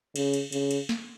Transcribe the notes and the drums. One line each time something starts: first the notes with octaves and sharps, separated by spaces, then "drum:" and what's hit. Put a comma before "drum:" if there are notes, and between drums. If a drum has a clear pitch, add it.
C#3, drum: cymbal
drum: cymbal
C#3, drum: cymbal
drum: cymbal
drum: snare